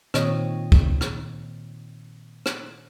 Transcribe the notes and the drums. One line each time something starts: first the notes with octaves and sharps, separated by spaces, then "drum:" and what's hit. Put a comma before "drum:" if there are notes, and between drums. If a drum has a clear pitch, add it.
A#2 D#3 C4 C#5 D#5, drum: rim click
drum: kick
drum: rim click
drum: rim click